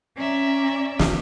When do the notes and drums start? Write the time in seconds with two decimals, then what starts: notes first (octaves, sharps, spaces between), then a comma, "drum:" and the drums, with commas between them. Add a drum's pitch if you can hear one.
0.16 C#4 D5 E5 A#5
0.99 drum: snare